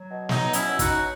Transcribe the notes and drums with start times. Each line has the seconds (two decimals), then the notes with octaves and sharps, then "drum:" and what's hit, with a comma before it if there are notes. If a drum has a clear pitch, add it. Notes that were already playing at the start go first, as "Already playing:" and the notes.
Already playing: F#3
0.10 B2
0.29 F#3 D#4, drum: snare
0.47 B2
0.53 C#4 E4, drum: hi-hat
0.67 F#3
0.79 D#4 F#4, drum: kick, hi-hat
0.86 B2